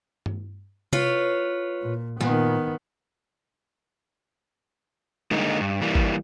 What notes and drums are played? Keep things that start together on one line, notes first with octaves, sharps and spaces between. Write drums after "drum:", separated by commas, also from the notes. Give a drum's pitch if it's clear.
drum: tom G2
F4 B4 C#5, drum: tom C3
A#2
A#2 D#3 B3, drum: snare
D3 G#3 A#3 D#4, drum: tom G3
G2
E3 G3 A#3
drum: kick